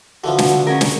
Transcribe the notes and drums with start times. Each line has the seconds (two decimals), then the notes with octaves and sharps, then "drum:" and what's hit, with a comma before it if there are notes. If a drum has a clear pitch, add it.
0.24 D3 E3 F3 F#4
0.38 drum: snare
0.67 C#4 G#4 A#4
0.81 drum: snare